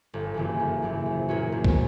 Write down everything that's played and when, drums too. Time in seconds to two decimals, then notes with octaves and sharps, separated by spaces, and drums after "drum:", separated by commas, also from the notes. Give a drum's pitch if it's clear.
0.14 G1
0.34 F#2 C#3 E3 A#3
0.60 G1
0.82 F#2 C#3 E3 A#3
1.06 A#1
1.29 A#2 A#3 C#4 F#4
1.52 A#1
1.65 drum: kick C2